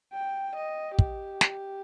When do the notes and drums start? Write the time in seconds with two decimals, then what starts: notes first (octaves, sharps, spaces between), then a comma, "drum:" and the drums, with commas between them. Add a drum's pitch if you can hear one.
0.13 G5
0.56 D#5
0.99 G4, drum: kick
1.41 drum: snare